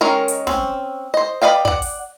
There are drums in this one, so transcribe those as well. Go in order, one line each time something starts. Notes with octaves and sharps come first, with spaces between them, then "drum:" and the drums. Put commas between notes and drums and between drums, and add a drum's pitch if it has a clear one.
D#3 G#3 C#4 A#4
drum: hi-hat
C4 C#4, drum: snare
C5 D#5
B4 D5 D#5 F5 G5
D5 F#5, drum: kick
drum: open hi-hat